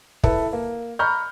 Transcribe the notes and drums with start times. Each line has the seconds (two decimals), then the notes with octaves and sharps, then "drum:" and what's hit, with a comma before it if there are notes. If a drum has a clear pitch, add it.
0.23 E4 A4 B4, drum: kick
0.53 A#3
0.99 A#5 B5 C#6 F6 G6